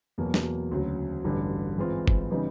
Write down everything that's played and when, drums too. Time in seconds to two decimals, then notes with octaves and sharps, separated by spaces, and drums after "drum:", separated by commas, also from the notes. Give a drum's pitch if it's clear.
0.18 E2 B2 F#3 A#3
0.34 drum: snare
0.71 D2 C#3 F#3
1.25 A1 G2 D3
1.78 G#2 E3 G#3 C4 F4
2.08 drum: kick
2.31 C#3 E3 G3 B3 D#4